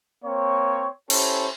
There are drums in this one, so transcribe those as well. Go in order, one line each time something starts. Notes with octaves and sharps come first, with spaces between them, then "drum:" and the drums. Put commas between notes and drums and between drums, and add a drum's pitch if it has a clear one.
A#3 C4 C#5
C#4 E4 G4 A4 C5, drum: cymbal